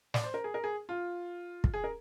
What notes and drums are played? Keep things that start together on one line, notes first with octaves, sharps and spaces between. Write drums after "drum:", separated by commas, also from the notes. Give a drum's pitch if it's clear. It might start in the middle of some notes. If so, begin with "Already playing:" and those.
D5, drum: snare
C5
A#4
G#4
A#4
G#4
F4
drum: kick
G#4
A#4